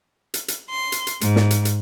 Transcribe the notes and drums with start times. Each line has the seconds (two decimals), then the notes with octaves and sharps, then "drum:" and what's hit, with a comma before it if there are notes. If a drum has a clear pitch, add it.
0.34 drum: hi-hat
0.48 drum: hi-hat
0.69 C6
0.92 drum: hi-hat
1.07 drum: hi-hat
1.21 G#2, drum: hi-hat
1.36 drum: snare
1.51 drum: hi-hat
1.65 drum: hi-hat